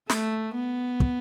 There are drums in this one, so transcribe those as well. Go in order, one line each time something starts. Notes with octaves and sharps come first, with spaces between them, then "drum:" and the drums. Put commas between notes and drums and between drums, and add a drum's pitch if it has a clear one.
A3, drum: snare
B3
drum: kick